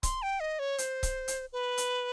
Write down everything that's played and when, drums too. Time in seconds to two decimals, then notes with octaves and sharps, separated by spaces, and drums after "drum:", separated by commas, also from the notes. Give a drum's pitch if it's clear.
0.03 C6, drum: kick C#1, hi-hat
0.22 G5
0.40 D#5
0.59 C#5
0.78 C5, drum: hi-hat
1.03 drum: kick C#1, hi-hat
1.28 drum: hi-hat
1.53 B4
1.78 drum: hi-hat